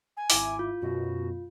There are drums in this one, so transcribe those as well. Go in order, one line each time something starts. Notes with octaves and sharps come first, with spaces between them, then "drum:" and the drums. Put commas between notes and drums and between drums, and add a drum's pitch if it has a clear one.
G#5
G#1 E4 D6, drum: open hi-hat
F4
F#2 B2 F#4